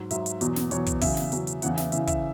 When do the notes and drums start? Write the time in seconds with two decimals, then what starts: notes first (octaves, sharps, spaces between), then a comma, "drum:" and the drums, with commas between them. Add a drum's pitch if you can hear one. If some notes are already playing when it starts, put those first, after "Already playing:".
Already playing: G#2 F#3
0.11 G#2 F#3 E5, drum: hi-hat
0.26 drum: hi-hat
0.41 E2 B2 F#3, drum: hi-hat
0.56 drum: snare
0.71 E2 B2 F#3 C#5, drum: hi-hat
0.86 drum: kick, hi-hat
1.01 E2 C#3 F#3 E5, drum: kick, open hi-hat
1.17 drum: snare
1.32 E2 C#3 F#3, drum: hi-hat
1.47 drum: hi-hat
1.62 E2 C#3 E3 F#5, drum: hi-hat
1.77 E5, drum: snare
1.92 E2 C#3 E3 E5, drum: hi-hat
2.07 E5, drum: kick, hi-hat